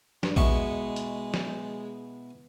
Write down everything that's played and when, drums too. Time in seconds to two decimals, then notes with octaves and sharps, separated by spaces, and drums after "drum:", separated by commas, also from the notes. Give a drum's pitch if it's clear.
0.23 G2, drum: snare
0.36 B2 G#3 E4 C#6, drum: kick A#1
0.96 drum: hi-hat
1.34 drum: snare